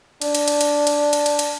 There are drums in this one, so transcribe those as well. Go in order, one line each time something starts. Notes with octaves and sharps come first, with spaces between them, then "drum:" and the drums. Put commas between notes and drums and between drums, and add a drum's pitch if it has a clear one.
D4, drum: cymbal
drum: cymbal
drum: cymbal
drum: cymbal
drum: cymbal
drum: cymbal
drum: cymbal
drum: cymbal